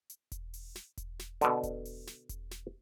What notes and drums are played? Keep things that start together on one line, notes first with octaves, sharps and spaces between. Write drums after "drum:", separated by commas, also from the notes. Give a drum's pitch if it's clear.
drum: hi-hat
drum: kick E1, hi-hat
drum: open hi-hat
drum: snare
drum: kick E1, hi-hat
drum: snare
B2 D3, drum: hi-hat
drum: kick E1, hi-hat
drum: open hi-hat
drum: snare
drum: kick E1, hi-hat
drum: snare